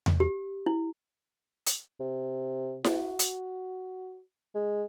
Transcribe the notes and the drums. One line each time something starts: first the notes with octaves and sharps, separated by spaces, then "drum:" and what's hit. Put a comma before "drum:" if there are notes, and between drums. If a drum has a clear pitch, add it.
drum: tom E2
G4
E4
drum: hi-hat
C3
F#4, drum: snare E4
drum: hi-hat
G#3